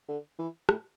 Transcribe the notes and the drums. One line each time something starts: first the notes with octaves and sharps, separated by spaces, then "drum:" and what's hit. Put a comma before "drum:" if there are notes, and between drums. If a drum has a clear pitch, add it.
D3
E3
A2, drum: rim click